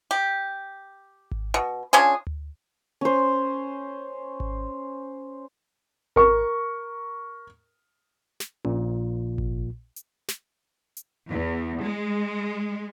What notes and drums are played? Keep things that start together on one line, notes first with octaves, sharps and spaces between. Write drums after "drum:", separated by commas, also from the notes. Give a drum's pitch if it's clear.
G4
drum: kick G#1
B2
C#4 D4 F4 G#4
drum: tom D2
C#4 C5
drum: kick G#1
A#4 C#6, drum: kick G#1
drum: snare
A#1 A#2, drum: tom C#4
drum: kick G#1
drum: hi-hat
drum: snare
drum: hi-hat
E2
G#3